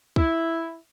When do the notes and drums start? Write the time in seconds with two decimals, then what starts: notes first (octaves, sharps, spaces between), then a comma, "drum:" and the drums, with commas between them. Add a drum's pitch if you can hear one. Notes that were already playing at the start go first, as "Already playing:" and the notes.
0.16 E4, drum: kick